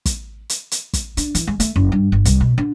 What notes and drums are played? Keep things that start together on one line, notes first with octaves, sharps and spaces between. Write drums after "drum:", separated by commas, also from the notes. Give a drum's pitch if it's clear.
drum: kick, hi-hat
drum: hi-hat
drum: hi-hat
drum: kick, hi-hat
D4, drum: hi-hat
E3, drum: hi-hat
G#3
A3, drum: hi-hat
F#1
G2
G1
C2, drum: hi-hat
B2
D3